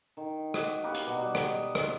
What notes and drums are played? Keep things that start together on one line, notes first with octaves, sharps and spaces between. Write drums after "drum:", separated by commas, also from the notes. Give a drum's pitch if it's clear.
D#3
F#4 D#5 C#6 D6, drum: rim click
A#3 G4 B4 C#5
drum: hi-hat
B2 D5 F#5 A#5
G3 F#4
drum: rim click
D#5
drum: rim click